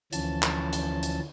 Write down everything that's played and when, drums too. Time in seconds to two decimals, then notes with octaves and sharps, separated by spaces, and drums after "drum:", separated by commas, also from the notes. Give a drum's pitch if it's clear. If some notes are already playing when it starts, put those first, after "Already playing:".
0.13 D2 E3 F3 C#4 A5, drum: hi-hat
0.43 drum: clap
0.73 drum: hi-hat
1.03 drum: hi-hat